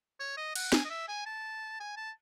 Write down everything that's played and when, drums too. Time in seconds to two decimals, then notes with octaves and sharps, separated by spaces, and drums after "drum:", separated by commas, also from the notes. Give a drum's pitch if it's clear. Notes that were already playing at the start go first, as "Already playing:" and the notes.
0.20 C#5
0.37 D#5
0.55 F#5, drum: cymbal
0.72 G#5, drum: snare
0.85 D#5
0.90 E5
1.08 G#5
1.26 A5
1.80 G#5
1.96 A5